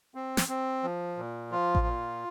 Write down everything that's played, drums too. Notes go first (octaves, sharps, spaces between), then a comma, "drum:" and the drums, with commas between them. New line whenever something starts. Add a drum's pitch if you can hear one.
C4
drum: snare
C4
F3
A#2
F3 F4
drum: kick A1
A#2